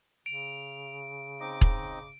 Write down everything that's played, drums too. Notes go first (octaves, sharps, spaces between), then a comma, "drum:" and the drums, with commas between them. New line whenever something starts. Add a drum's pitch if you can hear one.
C#3 D7 F7
C4 D#4 D#5 D6
drum: kick E1